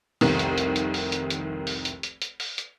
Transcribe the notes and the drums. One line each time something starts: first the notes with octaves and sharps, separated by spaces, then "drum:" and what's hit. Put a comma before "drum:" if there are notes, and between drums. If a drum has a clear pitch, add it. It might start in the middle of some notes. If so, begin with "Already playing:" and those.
F1 C2 D#3, drum: open hi-hat
drum: hi-hat
drum: hi-hat
drum: hi-hat
drum: open hi-hat
drum: hi-hat
drum: hi-hat
drum: open hi-hat
drum: hi-hat
drum: hi-hat
drum: hi-hat
drum: open hi-hat
drum: hi-hat